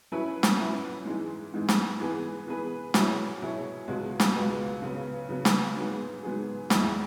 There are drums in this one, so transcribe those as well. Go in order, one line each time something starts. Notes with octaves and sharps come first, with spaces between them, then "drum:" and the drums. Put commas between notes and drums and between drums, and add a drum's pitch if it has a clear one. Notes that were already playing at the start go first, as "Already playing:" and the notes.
F#3 C#4 E4 B4
drum: snare
F#3 C#4 E4 B4
G#2 E3 G#3
G#2 E3 G#3
drum: snare
E3 B3 G#4 B4
E3 B3 G#4 B4
B2 F#3 E4 G#4 C#5, drum: snare
B2 F#3 E4 G#4 C#5
C#2 B2 G#3 B3
drum: snare
C#2 B2 G#3 B3
C#3 F#3 B3
C#3 F#3 B3
drum: snare
G#2 F#3 B3 G#4
G#2 F#3 B3 G#4
E2 E3 G#3 E4, drum: snare